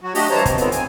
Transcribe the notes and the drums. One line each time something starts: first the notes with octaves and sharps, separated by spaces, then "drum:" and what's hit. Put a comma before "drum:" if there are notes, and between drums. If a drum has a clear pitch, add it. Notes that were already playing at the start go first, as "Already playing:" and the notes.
F#3 F#4
A3 D4 F#4 G4 D#5, drum: open hi-hat
G2 E3 C5 C#5 A5 A#5
F3 C4, drum: kick, hi-hat
D3 D#3 F3 F#3 B3 C4, drum: hi-hat
C4 G#5, drum: hi-hat